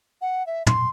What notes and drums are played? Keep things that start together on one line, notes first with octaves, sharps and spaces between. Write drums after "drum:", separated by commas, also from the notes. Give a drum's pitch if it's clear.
F#5
E5
C6, drum: tom